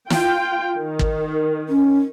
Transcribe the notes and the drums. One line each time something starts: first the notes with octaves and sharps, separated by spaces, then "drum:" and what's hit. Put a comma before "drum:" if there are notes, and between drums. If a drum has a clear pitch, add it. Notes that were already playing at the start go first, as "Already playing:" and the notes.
F4 G5, drum: snare
D#3
drum: kick
C#4